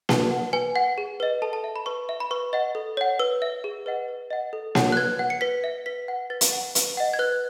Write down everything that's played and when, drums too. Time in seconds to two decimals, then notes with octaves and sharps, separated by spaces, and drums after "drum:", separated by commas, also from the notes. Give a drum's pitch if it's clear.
0.09 B4 A5, drum: snare A#3
0.31 F#5
0.53 B4 G#5
0.76 F#5
0.98 G#4
1.20 B4 D#5
1.42 A4 A5
1.53 A5
1.64 E5
1.76 B5
1.86 B4 C#6
2.09 E5
2.20 B5
2.31 B4 C#6
2.53 D#5 F#5
2.75 A4
2.97 C#5 F#5
3.19 B4 E6
3.42 E5
3.64 G#4
3.86 B4 D#5 F#5
4.08 B4
4.30 D#5 F#5
4.53 A4
4.75 C#5 F#5, drum: snare A#3
4.92 F#6
4.97 B4 G#6
5.19 F#5
5.30 C#7
5.41 B4 B6
5.64 E5
5.86 B4 B6
6.08 F#5
6.30 B4 A6
6.41 drum: hi-hat
6.52 F#5
6.75 B4, drum: hi-hat
6.97 D#5 F#5
7.14 G#6
7.19 B4 F#6